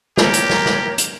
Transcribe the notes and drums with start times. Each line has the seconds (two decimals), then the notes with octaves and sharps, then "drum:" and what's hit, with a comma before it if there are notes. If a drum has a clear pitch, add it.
0.17 G4 A#4 C#5, drum: snare
0.34 drum: hi-hat
0.50 drum: snare
0.66 drum: snare
0.98 drum: hi-hat